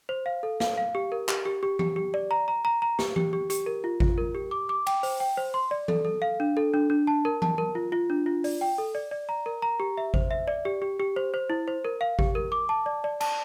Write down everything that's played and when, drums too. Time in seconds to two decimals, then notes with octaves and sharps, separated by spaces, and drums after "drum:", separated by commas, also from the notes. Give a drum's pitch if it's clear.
0.09 C5
0.26 F5
0.43 A4
0.60 F5, drum: snare
0.77 F5
0.95 G4
1.12 A#4
1.29 G4, drum: clap
1.45 G4
1.63 G4
1.79 G4, drum: tom E3
1.96 G4
2.14 D5
2.31 A#5
2.48 A#5
2.65 A#5
2.82 A#5
2.99 G4, drum: snare
3.16 G4, drum: tom E3
3.33 G4
3.50 G4, drum: hi-hat
3.66 A#4
3.84 F4
4.00 F4, drum: kick G#1
4.18 A#4
4.35 G4
4.51 D6
4.69 D6
4.87 G5, drum: cymbal
5.03 C5, drum: open hi-hat
5.20 G5
5.37 C5
5.54 C6
5.71 D5
5.88 A4, drum: tom E3
6.05 A4
6.22 F5
6.40 D4
6.57 A4
6.74 D4
6.90 D4
7.07 A5
7.25 A#4
7.42 A5, drum: tom E3
7.58 A#4
7.75 F4
7.92 F4
8.10 D4
8.26 F4
8.44 D5, drum: open hi-hat
8.61 G5
8.78 A4
8.95 D5
9.11 D5
9.29 A#5
9.46 A#4
9.62 A#5
9.80 G4
9.98 E5
10.14 C5, drum: kick G#1
10.31 E5
10.48 D5
10.65 G4
10.82 G4
11.00 G4
11.16 C5
11.34 C5
11.50 E4
11.68 C5
11.85 A#4
12.01 F5
12.19 G4, drum: kick G#1
12.35 A#4
12.52 D6
12.69 A5
12.86 D5
13.04 D5
13.21 A5, drum: cymbal